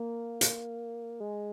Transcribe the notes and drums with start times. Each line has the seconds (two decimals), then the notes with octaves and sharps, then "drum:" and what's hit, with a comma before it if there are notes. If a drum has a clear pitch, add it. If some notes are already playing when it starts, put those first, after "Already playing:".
Already playing: A#3
0.41 drum: hi-hat
1.20 G#3